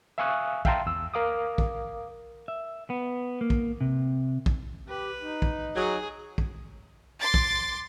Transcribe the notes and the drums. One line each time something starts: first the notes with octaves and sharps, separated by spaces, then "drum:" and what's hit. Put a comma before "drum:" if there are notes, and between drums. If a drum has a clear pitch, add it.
E5 F5 G#5 C#6 D#6 F#6
E5 F5 G5 A5 A#5 C6, drum: kick
E2 E6
A#4 F5 D6 D#6
drum: kick
E5
B3
A#3
drum: kick
C3
drum: kick
G4 B4
D#4
drum: kick
F#3 G#4
drum: kick
C6 D6 A6
drum: kick